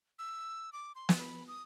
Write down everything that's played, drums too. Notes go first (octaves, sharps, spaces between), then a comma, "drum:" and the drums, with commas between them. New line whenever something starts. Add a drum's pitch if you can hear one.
E6
D6
C6
drum: snare
B5
D#6